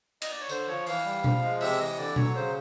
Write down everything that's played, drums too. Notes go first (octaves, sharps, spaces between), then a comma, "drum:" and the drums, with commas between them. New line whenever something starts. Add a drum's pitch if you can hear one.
D#5, drum: cymbal
D5
C#5
D3 C5, drum: tambourine
F3 C#5
E3 F5, drum: open hi-hat
G3
F3, drum: tom B2
G#3
C3 E5, drum: open hi-hat
E3 D#5
D3 D5
F#3 C#5, drum: tom B2
C#3 C5